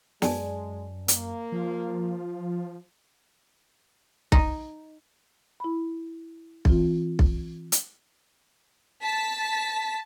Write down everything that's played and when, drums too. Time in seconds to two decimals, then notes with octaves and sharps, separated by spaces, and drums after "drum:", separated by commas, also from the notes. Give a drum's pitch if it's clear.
0.22 F#2 G#3 D5 G#5 A5, drum: snare
1.08 A#3, drum: hi-hat
1.52 F3 F4
4.32 D#4, drum: kick B1
5.60 E4 B5
6.65 E3 C4 F4, drum: kick B1
7.19 drum: kick B1
7.72 drum: hi-hat
9.01 A5 B6